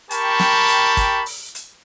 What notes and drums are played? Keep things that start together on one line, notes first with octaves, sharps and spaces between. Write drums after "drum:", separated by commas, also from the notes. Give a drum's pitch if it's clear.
G4 A#4 G5 A5 B5 C#6, drum: hi-hat
drum: snare
drum: hi-hat
drum: kick, hi-hat
drum: open hi-hat
drum: hi-hat